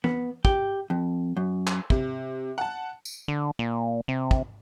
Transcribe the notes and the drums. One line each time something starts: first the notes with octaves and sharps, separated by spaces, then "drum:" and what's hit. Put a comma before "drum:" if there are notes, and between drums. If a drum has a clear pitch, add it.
B3, drum: tom
G4, drum: kick
F2
F#2
drum: clap
C3, drum: kick
F#5 A5
drum: tambourine
D3
A#2
C3
drum: kick